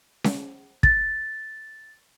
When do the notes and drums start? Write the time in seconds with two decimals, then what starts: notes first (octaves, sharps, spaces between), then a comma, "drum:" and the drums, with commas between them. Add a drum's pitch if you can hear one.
0.24 drum: snare C#4
0.83 A6, drum: kick